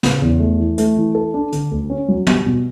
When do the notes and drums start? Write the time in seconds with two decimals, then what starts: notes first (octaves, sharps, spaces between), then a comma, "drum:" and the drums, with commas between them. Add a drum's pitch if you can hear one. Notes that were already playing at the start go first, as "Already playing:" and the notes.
0.03 C#3, drum: snare
0.22 E2
0.40 A3
0.60 E3
0.78 A3, drum: hi-hat
0.97 E3
1.15 A4
1.34 D4
1.52 D3, drum: hi-hat
1.71 D2
1.90 C#4
2.08 F#3
2.27 G3, drum: tom
2.46 B2